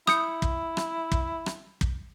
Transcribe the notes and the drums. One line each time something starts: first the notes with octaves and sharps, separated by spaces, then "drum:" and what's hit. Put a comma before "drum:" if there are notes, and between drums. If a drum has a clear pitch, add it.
E4 D#6 G6 C#7, drum: rim click
drum: kick
drum: rim click
drum: kick
drum: rim click
drum: kick